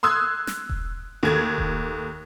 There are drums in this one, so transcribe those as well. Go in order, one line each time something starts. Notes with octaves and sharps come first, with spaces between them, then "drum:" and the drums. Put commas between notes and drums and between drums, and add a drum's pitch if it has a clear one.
C6 D#6 E6 F#6 G#6
drum: snare
drum: kick E1
D#2 A3 G#6
drum: kick E1